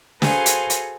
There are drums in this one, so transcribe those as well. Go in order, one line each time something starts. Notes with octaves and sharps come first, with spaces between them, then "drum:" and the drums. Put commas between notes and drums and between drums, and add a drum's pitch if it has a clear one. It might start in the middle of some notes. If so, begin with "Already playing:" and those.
F#4 G#4 A4 B4 C5 F5, drum: snare
drum: hi-hat
drum: hi-hat